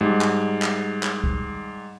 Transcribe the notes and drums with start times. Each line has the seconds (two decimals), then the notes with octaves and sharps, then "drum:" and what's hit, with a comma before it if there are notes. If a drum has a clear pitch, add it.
0.01 G#2 G3
0.21 drum: clap
0.62 drum: clap
1.03 drum: clap
1.24 drum: kick